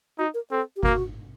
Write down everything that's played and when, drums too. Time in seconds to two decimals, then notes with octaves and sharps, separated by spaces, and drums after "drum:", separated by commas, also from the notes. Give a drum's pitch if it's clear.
0.18 D#4 F#4
0.34 A#4
0.51 C4 A4
0.76 G4
0.83 A#3 F#4, drum: kick G1